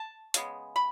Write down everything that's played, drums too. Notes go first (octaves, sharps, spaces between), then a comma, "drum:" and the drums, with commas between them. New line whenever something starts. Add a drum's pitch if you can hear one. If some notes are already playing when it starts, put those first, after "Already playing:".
Already playing: A5
C#3 G#3 B3, drum: hi-hat
B5